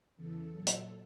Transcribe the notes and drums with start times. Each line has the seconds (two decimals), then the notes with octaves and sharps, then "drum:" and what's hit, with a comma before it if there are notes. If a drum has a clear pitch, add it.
0.16 E2 C#3 E3 A4
0.52 A#2 F#3
0.67 drum: hi-hat